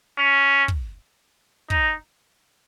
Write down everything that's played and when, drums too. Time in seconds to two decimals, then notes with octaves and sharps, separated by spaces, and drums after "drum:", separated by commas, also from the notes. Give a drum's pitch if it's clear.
0.18 C#4
0.68 drum: kick
1.70 D#4, drum: kick